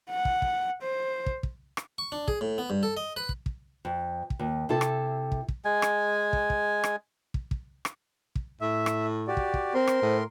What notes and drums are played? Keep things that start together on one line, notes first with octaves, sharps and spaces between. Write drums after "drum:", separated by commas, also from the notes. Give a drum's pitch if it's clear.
F#5
drum: kick
drum: kick
C5
drum: kick
drum: kick
drum: rim click
C#6
D4
G#4, drum: kick
A2
B3
G2
A4
D#5
B4
drum: kick
drum: kick
F2
drum: kick
D#2
C3 E4 A4
drum: rim click
drum: kick
drum: kick
G#3 G#5
drum: rim click
drum: kick
drum: kick
drum: rim click
drum: kick
drum: kick
drum: rim click
drum: kick
A2 E5
drum: rim click
F#4 G4 D5
drum: kick
drum: kick
C4 A#4 C5 C6
drum: rim click
A2